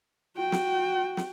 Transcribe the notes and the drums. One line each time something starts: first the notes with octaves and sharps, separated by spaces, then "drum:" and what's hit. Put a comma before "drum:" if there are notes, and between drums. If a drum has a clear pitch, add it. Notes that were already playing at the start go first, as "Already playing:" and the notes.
F#4 G5
drum: snare
drum: snare